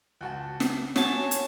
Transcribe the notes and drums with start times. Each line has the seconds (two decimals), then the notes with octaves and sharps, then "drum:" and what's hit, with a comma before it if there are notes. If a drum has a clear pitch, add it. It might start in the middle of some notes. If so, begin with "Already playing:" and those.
0.21 C#2 F#4 A5
0.60 drum: snare
0.96 F#4 C#5 G#5 A5, drum: snare
1.31 drum: hi-hat